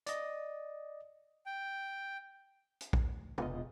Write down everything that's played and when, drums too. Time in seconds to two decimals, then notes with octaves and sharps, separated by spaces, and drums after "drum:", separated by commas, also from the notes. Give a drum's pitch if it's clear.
0.07 D5 D#5, drum: hi-hat
1.46 G5
2.81 drum: hi-hat
2.93 A1 D2, drum: kick
3.38 E1 B3 F4 D#5, drum: tom